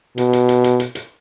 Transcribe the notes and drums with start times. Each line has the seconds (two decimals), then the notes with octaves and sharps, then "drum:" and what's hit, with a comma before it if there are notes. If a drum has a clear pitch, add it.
0.18 B2, drum: hi-hat
0.33 drum: hi-hat
0.49 drum: hi-hat
0.64 drum: hi-hat
0.80 drum: hi-hat
0.95 drum: hi-hat